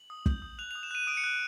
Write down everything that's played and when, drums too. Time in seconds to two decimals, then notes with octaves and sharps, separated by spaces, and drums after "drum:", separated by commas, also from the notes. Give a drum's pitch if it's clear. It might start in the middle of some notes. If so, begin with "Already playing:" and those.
Already playing: F#7
0.10 D#6
0.26 G6, drum: kick
0.42 D#6
0.59 F#6 F7
0.71 D#6 F7
0.83 E7
0.91 F#6 D#7
1.07 D#6 D7
1.17 C#7
1.24 F#6 D7